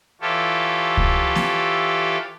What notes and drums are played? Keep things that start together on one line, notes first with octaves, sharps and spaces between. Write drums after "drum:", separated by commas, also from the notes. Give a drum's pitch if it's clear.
E3 F4 G4 A4 C#5
drum: kick C#2
drum: snare A#3